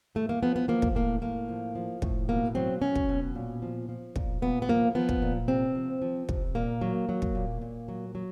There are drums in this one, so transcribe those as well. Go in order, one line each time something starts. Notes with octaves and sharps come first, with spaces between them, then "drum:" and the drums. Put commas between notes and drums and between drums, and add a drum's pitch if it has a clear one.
A2 A3
A#3
F3 B3
B3
F3 A#3
drum: kick
A2 A#3
A2 A#3
F3
F3
A2, drum: kick
B2 A#3
F#3 C4
F#3 C#4
drum: kick
B2
A#2
F3
F3
A#2, drum: kick
A#2 B3
B3
F3 A#3
F3 B3
drum: kick
A#2
C3 C4
F3
F3
C3, drum: kick
A#2 A#3
F#3
F#3
drum: kick
A#2
A#2
F#3
F#3